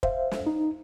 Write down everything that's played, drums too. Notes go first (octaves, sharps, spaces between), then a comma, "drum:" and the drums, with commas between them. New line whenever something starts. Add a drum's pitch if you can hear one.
C5 E5 F5, drum: kick
drum: snare
D#4